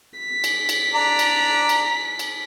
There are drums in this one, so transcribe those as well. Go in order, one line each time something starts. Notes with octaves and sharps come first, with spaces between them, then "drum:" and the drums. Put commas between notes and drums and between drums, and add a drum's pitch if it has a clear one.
B6
drum: cymbal
drum: cymbal
D4 D5 A#5
drum: cymbal
drum: cymbal
drum: cymbal